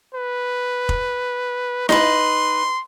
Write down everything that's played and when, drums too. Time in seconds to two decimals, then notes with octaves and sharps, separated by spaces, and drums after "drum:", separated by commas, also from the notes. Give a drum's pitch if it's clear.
0.15 B4
0.89 drum: kick F1
1.89 D#4 B4 C6, drum: snare E4